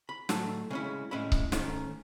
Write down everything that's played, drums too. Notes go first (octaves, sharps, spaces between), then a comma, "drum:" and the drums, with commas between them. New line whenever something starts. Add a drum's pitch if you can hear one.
B5
A2 F#3 A3 A5, drum: snare
C#3 G#3 C#4 E4
A2 G#3 C#4 E4 B5
drum: kick C#1
G#2 D#3 A3 C#4, drum: snare